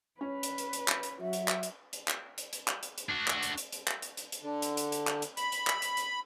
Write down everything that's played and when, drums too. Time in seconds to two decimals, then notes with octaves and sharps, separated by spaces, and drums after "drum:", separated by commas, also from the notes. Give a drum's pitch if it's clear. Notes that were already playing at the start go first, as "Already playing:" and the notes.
0.21 C#4 B4
0.43 drum: hi-hat
0.58 drum: hi-hat
0.73 drum: hi-hat
0.88 drum: clap
1.03 drum: hi-hat
1.21 F#3 F#4 E5
1.33 drum: hi-hat
1.48 drum: clap
1.63 drum: hi-hat
1.93 drum: hi-hat
2.08 drum: clap
2.38 drum: hi-hat
2.53 drum: hi-hat
2.68 drum: clap
2.83 drum: hi-hat
2.98 drum: hi-hat
3.09 D4 F#4
3.28 drum: clap
3.43 drum: hi-hat
3.58 drum: hi-hat
3.72 drum: hi-hat
3.87 drum: clap
4.02 drum: hi-hat
4.17 drum: hi-hat
4.32 drum: hi-hat
4.42 D3
4.62 drum: hi-hat
4.77 drum: hi-hat
4.92 drum: hi-hat
5.07 drum: clap
5.22 drum: hi-hat
5.37 B5, drum: hi-hat
5.52 drum: hi-hat
5.67 drum: clap
5.82 drum: hi-hat
5.97 drum: hi-hat